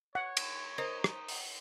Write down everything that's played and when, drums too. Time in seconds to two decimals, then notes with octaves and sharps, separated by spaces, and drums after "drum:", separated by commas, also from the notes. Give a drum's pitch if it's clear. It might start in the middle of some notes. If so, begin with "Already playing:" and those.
0.15 C#5 F#5
0.37 drum: cymbal
0.78 D#4 A#4 C5 D#5
1.04 drum: rim click
1.28 drum: open hi-hat